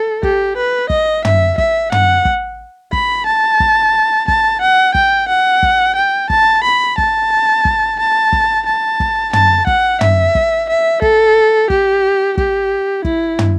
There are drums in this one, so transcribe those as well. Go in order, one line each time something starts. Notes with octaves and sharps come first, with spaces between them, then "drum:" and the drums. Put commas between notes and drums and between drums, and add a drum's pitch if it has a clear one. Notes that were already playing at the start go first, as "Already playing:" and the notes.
Already playing: A4
G4, drum: kick
B4
D#5, drum: kick
E5, drum: tom
E5, drum: kick
F#5, drum: tom
drum: kick
B5, drum: kick
A5
drum: kick
A5, drum: kick
F#5
G5, drum: kick
F#5
drum: kick
G5
A5, drum: kick
B5
A5, drum: kick
drum: kick
A5
drum: kick
A5
drum: kick
A5, drum: tom
F#5, drum: kick
E5, drum: tom
drum: kick
E5
A4, drum: kick
G4, drum: kick
G4, drum: kick
E4, drum: kick
drum: tom